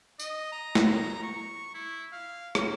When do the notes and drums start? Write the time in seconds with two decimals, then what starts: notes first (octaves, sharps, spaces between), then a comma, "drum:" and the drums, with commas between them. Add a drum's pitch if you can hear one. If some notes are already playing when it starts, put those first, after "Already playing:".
0.19 D#5, drum: tambourine
0.52 A#5
0.75 drum: snare
1.23 C#6
1.74 E4
2.12 F5
2.55 drum: rim click